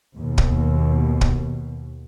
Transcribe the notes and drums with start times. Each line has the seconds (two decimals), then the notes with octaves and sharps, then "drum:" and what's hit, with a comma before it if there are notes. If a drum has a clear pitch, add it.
0.17 D#2 B2
0.38 drum: kick
1.21 drum: kick